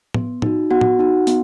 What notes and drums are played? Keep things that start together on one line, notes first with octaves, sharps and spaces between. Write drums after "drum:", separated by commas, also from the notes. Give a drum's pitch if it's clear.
B3, drum: tom A2
D#4 F#4, drum: tom A2
B3 F#4 F#5
drum: tom A2
D#4 F#4
B3, drum: hi-hat